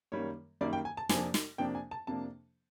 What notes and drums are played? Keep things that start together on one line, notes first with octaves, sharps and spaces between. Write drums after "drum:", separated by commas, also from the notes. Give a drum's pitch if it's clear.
F#2 D#3 G3 A#3 C#5
F#2 D#3 G3 A#3 D5
G5
G#5
A5
F2 C3 F3 A#3 D4 G#5, drum: snare
drum: snare
F2 C3 F3 A#3 D4 G5
G#5
A5
F2 C3 F3 A#3 D4 A5